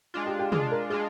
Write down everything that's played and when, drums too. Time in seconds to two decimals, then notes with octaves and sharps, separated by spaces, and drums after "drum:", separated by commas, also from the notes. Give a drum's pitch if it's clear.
0.14 G#3 D4 F4
0.26 G4
0.39 G4
0.52 G#3 D4 F4 G#4, drum: tom
0.71 A#4
0.90 G#3 D4 F4 G#4